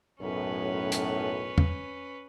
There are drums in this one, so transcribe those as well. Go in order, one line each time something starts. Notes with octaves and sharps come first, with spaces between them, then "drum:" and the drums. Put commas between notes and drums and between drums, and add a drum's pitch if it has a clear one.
B1 F#2 A2 C#4 B4
drum: hi-hat
drum: tom E2